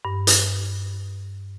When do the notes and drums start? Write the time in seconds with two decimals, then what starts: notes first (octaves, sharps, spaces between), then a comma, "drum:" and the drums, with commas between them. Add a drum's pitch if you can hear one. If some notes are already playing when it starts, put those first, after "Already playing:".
0.05 G2
0.27 drum: hi-hat